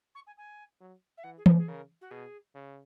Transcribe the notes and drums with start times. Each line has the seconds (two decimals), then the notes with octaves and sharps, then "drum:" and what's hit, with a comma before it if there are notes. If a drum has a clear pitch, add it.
0.15 C#6
0.27 G#5
0.37 G#5
0.80 F#3
1.17 E5
1.23 E3 F#5
1.37 G#4
1.46 A#4, drum: tom E3
1.57 G#4
1.67 C#3 A#4
2.01 F#4
2.10 B2 G#4
2.54 C#3